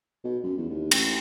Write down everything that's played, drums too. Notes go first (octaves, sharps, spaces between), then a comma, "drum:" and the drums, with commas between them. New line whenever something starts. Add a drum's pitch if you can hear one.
B2
F#2
E2
D#2
A1, drum: cymbal